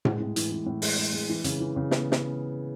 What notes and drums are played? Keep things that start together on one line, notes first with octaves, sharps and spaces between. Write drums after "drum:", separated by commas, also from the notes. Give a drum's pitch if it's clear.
G#3, drum: tom A2
A2
E3, drum: hi-hat
E3
A2
G#3, drum: open hi-hat
G#3
G#3
E3
C#3, drum: hi-hat
E3
C#3
B3, drum: snare
drum: snare